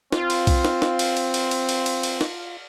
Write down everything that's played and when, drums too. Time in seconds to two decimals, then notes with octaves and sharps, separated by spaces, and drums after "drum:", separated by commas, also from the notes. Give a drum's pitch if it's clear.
0.12 C4 F4, drum: snare
0.30 drum: cymbal
0.47 drum: kick B1, cymbal
0.65 drum: snare
0.82 drum: snare
0.99 drum: cymbal
1.17 drum: cymbal
1.34 drum: cymbal
1.51 drum: cymbal
1.69 drum: cymbal
1.86 drum: cymbal
2.03 drum: cymbal
2.21 drum: snare